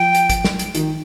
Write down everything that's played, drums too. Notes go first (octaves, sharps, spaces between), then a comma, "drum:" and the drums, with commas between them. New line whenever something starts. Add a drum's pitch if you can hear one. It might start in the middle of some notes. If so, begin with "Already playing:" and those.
Already playing: F3 G5
drum: hi-hat
drum: kick, hi-hat
drum: snare
drum: hi-hat
D#3, drum: hi-hat